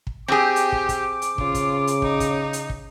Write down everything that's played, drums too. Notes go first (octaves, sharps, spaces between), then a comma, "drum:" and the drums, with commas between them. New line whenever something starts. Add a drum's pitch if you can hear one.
drum: kick
C4 G4 G#4 D6
drum: hi-hat
drum: kick
drum: kick, hi-hat
drum: hi-hat
C#3 F4, drum: kick
drum: kick, hi-hat
drum: hi-hat
D#4, drum: kick
drum: kick, hi-hat
drum: hi-hat
drum: kick